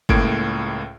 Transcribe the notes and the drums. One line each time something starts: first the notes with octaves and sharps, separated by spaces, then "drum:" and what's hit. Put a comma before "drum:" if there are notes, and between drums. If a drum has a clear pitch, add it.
C#2 A2 A#3 G#6 D7, drum: kick G1